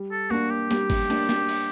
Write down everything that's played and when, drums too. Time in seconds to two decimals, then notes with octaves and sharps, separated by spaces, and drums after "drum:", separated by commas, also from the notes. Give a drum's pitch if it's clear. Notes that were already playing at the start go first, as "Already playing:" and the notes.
Already playing: G3
0.11 A4
0.30 A#3 D4 F#4
0.50 G4
0.71 G3, drum: snare
0.90 drum: kick, cymbal
1.10 A#3 D4, drum: cymbal
1.29 drum: snare
1.49 drum: cymbal